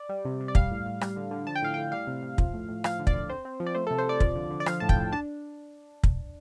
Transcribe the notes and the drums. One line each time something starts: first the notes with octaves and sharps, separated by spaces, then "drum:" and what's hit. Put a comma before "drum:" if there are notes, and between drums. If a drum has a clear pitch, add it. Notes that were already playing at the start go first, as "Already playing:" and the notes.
Already playing: D5
G3
C3
C3
D5
G3 F5, drum: kick
A2
A2
G3, drum: rim click
D3
D3
F3 A5
G5
A2 F5
A2 G5
G3 F5
C3
C3
F3, drum: kick
A2
A2
F3 F5, drum: rim click
D3
D5, drum: kick
D3
C4 C5
C4
F3
D5
A3 C5
C3 A4
C5
C3 D5
F3, drum: kick
D3
D3
D5
F3 F5, drum: rim click
A2 A5
G5, drum: kick
A2
D4 A5
drum: kick